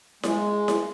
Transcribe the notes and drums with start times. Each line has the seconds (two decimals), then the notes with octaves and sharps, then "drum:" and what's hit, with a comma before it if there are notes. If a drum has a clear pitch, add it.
0.23 G#3, drum: snare E4
0.68 drum: snare E4